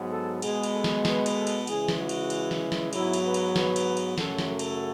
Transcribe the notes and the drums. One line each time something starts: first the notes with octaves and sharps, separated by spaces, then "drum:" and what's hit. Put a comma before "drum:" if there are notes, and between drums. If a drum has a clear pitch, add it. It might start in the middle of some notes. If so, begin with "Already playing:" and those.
Already playing: G#2 F#3 B3
A4
B2 G#3 B3 G#4, drum: cymbal
drum: cymbal
A4
drum: snare
B4, drum: snare
drum: cymbal
A4
drum: cymbal
C#3 E3 G#3 G#4, drum: cymbal
drum: snare
F#4
drum: cymbal
drum: cymbal
drum: snare
drum: snare
G#2 F#3 B3 E4, drum: cymbal
drum: cymbal
B4
drum: cymbal
B4, drum: snare
drum: cymbal
drum: cymbal
F#2 C#3 F#3 A3 A4, drum: snare
drum: snare
A4
drum: cymbal